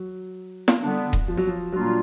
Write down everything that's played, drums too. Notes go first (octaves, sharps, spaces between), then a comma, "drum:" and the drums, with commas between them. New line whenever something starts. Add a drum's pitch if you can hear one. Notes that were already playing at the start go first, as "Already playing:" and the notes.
Already playing: F#3
drum: snare
D3 G3 B3 D4
drum: kick D#1
F3
F#3
F3
A#2 F#3 G3 A#3 D4 F4